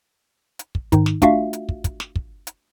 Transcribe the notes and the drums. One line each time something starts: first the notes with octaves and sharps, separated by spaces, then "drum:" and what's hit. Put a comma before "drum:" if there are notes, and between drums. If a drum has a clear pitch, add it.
drum: hi-hat
drum: kick
G#2 D#3 D#4, drum: kick, hi-hat
drum: snare
A3 D4 F4 F#4 E5 F5, drum: kick, hi-hat
drum: hi-hat
drum: kick
drum: kick, hi-hat
drum: snare
drum: kick
drum: hi-hat